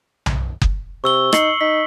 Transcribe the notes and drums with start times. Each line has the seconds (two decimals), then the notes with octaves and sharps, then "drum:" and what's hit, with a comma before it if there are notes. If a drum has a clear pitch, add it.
0.26 drum: tom B1
0.62 drum: kick F#1
1.04 C3 C#6 E6 G7
1.33 D#4 C7 C#7 F#7, drum: rim click
1.61 D#4 B6